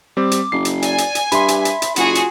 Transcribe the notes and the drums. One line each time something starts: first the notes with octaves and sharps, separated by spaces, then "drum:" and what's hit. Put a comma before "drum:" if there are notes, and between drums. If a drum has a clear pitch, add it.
G3 C4 D6
drum: hi-hat
F#1 C7
drum: hi-hat
D5 G#5, drum: hi-hat
drum: hi-hat
drum: hi-hat
G2 E5 B5 C6, drum: hi-hat
drum: hi-hat
drum: hi-hat
drum: hi-hat
F#1 F4 F#4 G#4, drum: hi-hat
drum: hi-hat